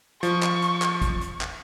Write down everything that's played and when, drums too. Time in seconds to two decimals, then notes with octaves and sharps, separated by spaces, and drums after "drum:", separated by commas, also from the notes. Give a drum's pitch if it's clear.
0.23 F3 C#6, drum: hi-hat
0.42 drum: clap
0.62 drum: hi-hat
0.82 drum: clap
1.02 drum: kick, hi-hat
1.21 drum: hi-hat
1.41 drum: clap